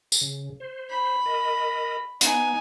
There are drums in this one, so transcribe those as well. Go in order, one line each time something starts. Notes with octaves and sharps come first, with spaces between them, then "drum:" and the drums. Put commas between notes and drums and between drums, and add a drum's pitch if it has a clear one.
drum: tambourine
C#3
C5
B5
A#4 D#5
B3 D#4 G#5, drum: hi-hat